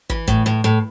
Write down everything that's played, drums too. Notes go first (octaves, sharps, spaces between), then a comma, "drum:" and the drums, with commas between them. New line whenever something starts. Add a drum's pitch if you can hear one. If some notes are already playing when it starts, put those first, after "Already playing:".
E3, drum: kick
A2, drum: kick, hi-hat
A2
A2